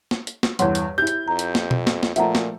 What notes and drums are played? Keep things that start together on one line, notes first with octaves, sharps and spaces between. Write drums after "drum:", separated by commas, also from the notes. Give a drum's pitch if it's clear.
drum: snare
drum: hi-hat
drum: snare
E2 G2 C#5 F#5 C6, drum: hi-hat
drum: hi-hat
E4 G4 G6
drum: hi-hat
F2 A#5
drum: hi-hat
drum: snare
drum: tom B2
drum: snare
drum: snare
A#2 F3 A3 E5 F#5 A#5, drum: hi-hat
drum: snare